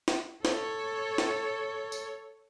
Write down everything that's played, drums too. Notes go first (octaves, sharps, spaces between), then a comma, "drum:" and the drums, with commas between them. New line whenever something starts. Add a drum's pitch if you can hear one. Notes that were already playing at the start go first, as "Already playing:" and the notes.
drum: snare
A4 C#5, drum: snare
drum: snare
drum: tambourine